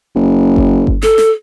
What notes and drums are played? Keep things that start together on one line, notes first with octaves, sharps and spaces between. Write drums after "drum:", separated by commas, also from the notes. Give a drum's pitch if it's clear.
F#1
drum: kick G1
drum: kick G1
A4, drum: snare
drum: snare